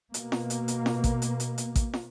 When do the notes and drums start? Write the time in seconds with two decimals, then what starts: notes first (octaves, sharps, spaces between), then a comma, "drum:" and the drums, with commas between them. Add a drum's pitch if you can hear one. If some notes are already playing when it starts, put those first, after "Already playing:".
0.14 B2 A#3, drum: hi-hat
0.32 drum: snare
0.50 drum: hi-hat
0.68 drum: hi-hat
0.86 drum: snare
1.04 drum: kick A1, hi-hat
1.22 drum: hi-hat
1.40 drum: hi-hat
1.58 drum: hi-hat
1.76 drum: kick A1, hi-hat
1.93 drum: snare